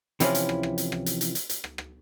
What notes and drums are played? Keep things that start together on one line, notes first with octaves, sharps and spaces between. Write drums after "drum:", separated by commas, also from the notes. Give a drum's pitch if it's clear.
C3 E3 F3 C#4 E4, drum: hi-hat
drum: hi-hat
drum: rim click
drum: rim click
drum: hi-hat
drum: rim click
drum: hi-hat
drum: hi-hat
drum: hi-hat
drum: hi-hat
drum: rim click
drum: rim click